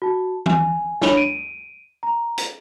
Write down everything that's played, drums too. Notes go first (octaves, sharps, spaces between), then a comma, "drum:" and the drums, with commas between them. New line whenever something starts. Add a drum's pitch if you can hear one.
F#4 A5
G#5, drum: tom E3
D4 C#5 B5 F7, drum: snare
D7 D#7
A#5
drum: hi-hat